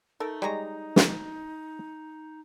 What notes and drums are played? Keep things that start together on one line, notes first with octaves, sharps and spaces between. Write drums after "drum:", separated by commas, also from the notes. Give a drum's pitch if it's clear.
A3 D#4 A4 A#4
G3 G#3 C#5 D#5 A#5
drum: snare